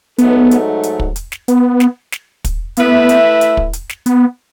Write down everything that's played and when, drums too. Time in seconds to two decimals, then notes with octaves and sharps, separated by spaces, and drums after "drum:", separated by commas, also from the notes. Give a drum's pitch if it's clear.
0.18 G#2 F#3 A3 B3 D#4 A4, drum: hi-hat
0.51 drum: hi-hat
0.83 drum: hi-hat
1.00 drum: kick
1.16 drum: hi-hat
1.32 drum: snare
1.48 B3, drum: hi-hat
1.80 drum: snare
2.12 drum: snare
2.44 drum: kick, hi-hat
2.77 A3 B3 E4 B4 E5, drum: hi-hat
3.09 drum: hi-hat
3.41 drum: hi-hat
3.57 drum: kick
3.73 drum: hi-hat
3.89 drum: snare
4.06 B3, drum: hi-hat